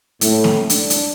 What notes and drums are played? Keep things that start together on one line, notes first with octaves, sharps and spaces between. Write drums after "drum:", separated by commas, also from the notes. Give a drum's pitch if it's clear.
A2, drum: hi-hat
drum: snare
D4, drum: hi-hat
drum: hi-hat